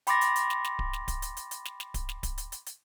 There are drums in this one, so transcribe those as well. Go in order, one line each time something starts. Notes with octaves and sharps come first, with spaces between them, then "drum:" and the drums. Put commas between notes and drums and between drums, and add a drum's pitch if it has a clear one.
G5 B5 C6 D6 A6 A#6, drum: hi-hat
drum: hi-hat
drum: hi-hat
drum: snare
drum: snare
drum: kick D1
drum: snare
drum: kick D1, hi-hat
drum: hi-hat
drum: hi-hat
drum: hi-hat
drum: snare
drum: snare
drum: kick D1, hi-hat
drum: snare
drum: kick D1, hi-hat
drum: hi-hat
drum: hi-hat
drum: hi-hat